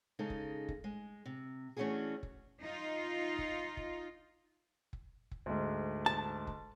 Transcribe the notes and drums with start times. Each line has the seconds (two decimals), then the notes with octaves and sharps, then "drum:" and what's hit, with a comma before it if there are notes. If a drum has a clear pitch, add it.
0.19 C#3 G#3 D#4 A4
0.30 drum: kick
0.69 drum: kick
0.84 G#3
1.26 C3
1.77 E3 A3 C#4 D4 F#4 G#4
2.23 drum: kick
2.61 D#4 F4
3.39 drum: kick
3.77 drum: kick
4.93 drum: kick
5.31 drum: kick
5.46 D2 G#2
6.06 A5
6.47 drum: kick